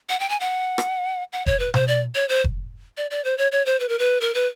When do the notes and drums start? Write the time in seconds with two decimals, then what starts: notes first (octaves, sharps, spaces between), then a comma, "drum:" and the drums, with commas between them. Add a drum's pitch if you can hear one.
0.09 F#5
0.20 G5
0.29 G#5
0.40 F#5
0.78 drum: rim click
1.33 F#5
1.46 C#5, drum: kick F1
1.60 B4
1.74 C5, drum: tom B2
1.88 D5
2.15 C#5
2.29 C5
2.44 drum: kick F1
2.97 D5
3.11 D5
3.25 C5
3.38 C#5
3.52 C#5
3.66 C5
3.80 B4
3.89 A#4
3.99 B4
4.21 A#4
4.35 B4